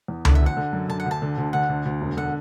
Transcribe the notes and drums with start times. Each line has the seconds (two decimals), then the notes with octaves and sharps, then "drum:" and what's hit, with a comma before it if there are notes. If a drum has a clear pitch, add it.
0.08 E2
0.25 D3 D5, drum: tom C#2
0.35 E5
0.42 D2 F#5
0.57 D3
0.73 F#2
0.89 D3 A5
1.00 F#5
1.06 D2
1.11 A5
1.22 D3
1.38 D2
1.53 D3 F#5
1.69 D2
1.86 D2
2.02 E1
2.17 D3 F#5